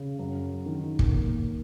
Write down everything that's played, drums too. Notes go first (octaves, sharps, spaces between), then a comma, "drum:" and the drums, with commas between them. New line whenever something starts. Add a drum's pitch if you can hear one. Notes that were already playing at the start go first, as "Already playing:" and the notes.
Already playing: C#3
F#2
D#3
drum: kick
A#3